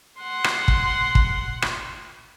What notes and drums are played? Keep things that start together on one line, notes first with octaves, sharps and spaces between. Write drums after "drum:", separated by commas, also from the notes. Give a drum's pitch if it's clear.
F#5 C6
drum: rim click
drum: kick
drum: kick
drum: rim click